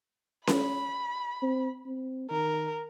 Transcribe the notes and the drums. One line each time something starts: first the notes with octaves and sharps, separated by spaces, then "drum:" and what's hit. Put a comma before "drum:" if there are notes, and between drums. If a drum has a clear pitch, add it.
B5, drum: snare C#4
C4
C4
D#3 A#4